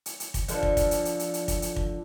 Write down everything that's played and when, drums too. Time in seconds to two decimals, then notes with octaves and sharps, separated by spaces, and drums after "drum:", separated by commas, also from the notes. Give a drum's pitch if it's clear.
0.06 drum: hi-hat
0.20 drum: hi-hat
0.34 drum: kick, hi-hat
0.48 D3 F3, drum: hi-hat
0.63 drum: kick
0.77 drum: kick, hi-hat
0.91 drum: hi-hat
1.05 drum: hi-hat
1.19 drum: hi-hat
1.34 drum: hi-hat
1.48 drum: kick, hi-hat
1.62 drum: hi-hat
1.76 drum: kick